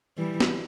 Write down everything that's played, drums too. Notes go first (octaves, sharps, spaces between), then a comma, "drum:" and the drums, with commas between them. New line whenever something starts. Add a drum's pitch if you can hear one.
E3 G3
drum: snare